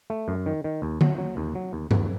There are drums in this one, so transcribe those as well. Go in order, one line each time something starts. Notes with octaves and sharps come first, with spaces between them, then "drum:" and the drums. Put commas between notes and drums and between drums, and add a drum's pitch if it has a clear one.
A3
F#2
D#3
D#3
D#2
F#3, drum: tom D3
F#3
D#2
F#3
D#2
D#2, drum: tom G2